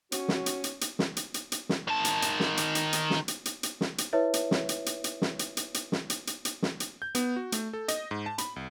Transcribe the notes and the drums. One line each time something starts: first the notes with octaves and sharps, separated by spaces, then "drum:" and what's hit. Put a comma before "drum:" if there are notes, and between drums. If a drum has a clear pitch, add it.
C#4 F#4, drum: hi-hat
drum: snare
drum: hi-hat
drum: hi-hat
drum: hi-hat
drum: snare
drum: hi-hat
drum: hi-hat
drum: hi-hat
drum: snare
D#3 A5
drum: hi-hat
drum: hi-hat
drum: snare
drum: hi-hat
drum: hi-hat
drum: hi-hat
drum: snare
drum: hi-hat
drum: hi-hat
drum: hi-hat
drum: snare
drum: hi-hat
E4 B4 C#5 E5
drum: hi-hat
drum: snare
drum: hi-hat
drum: hi-hat
drum: hi-hat
drum: snare
drum: hi-hat
drum: hi-hat
drum: hi-hat
drum: snare
drum: hi-hat
drum: hi-hat
drum: hi-hat
drum: snare
drum: hi-hat
G6
B3, drum: hi-hat
F#4
A3, drum: hi-hat
A4
D#5, drum: hi-hat
G#2
A5
B5, drum: hi-hat
C2